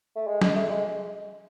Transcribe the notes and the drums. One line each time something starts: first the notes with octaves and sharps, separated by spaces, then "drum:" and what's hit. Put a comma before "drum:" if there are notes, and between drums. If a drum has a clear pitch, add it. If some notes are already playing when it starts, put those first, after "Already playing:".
A3
G#3
G#3, drum: snare
A3
G#3